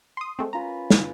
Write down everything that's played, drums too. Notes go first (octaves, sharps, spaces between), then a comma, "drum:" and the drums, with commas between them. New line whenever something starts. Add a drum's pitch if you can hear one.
C6 D#6
G#3 A3 C4
C#4 F4 B4 A#5
drum: snare